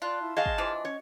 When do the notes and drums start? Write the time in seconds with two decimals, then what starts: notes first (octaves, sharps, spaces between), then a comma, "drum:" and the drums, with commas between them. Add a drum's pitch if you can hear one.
0.02 F4 D5 A5 F#6
0.21 E4
0.37 F#4 G#4 D#5 F5 A5 C6
0.46 drum: kick
0.58 E3 F3 D4
0.85 C#4 C#5